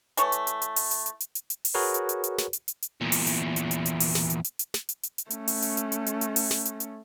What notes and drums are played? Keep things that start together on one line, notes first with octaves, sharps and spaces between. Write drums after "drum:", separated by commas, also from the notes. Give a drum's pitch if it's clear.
E3 A3 C#5, drum: hi-hat
drum: hi-hat
drum: hi-hat
drum: hi-hat
drum: open hi-hat
drum: hi-hat
drum: hi-hat
drum: hi-hat
drum: hi-hat
drum: hi-hat
drum: open hi-hat
F#4 G#4 A#4 B4 C#5
drum: hi-hat
drum: hi-hat
drum: hi-hat
drum: snare
drum: hi-hat
drum: hi-hat
drum: hi-hat
E2 A#2
drum: open hi-hat
drum: hi-hat
drum: hi-hat
drum: hi-hat
drum: hi-hat
drum: open hi-hat
drum: snare
drum: hi-hat
drum: hi-hat
drum: hi-hat
drum: snare
drum: hi-hat
drum: hi-hat
drum: hi-hat
A3 C#4, drum: hi-hat
drum: open hi-hat
drum: hi-hat
drum: hi-hat
drum: hi-hat
drum: hi-hat
drum: hi-hat
drum: open hi-hat
drum: snare
drum: hi-hat
drum: hi-hat